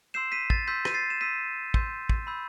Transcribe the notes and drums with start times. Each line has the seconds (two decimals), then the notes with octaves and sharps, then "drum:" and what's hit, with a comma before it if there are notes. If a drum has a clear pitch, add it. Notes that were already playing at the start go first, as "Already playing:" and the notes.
0.14 C6 E6 G6 C7 E7
0.32 B6 D#7
0.50 A6, drum: kick
0.67 C6 E6 G6 B6
0.85 D#7, drum: rim click
0.94 A6 C7
1.10 E7
1.21 C6 E6 G6 B6 D#7
1.74 C6 E6 G6, drum: kick
2.09 drum: kick
2.27 B5 E6 G6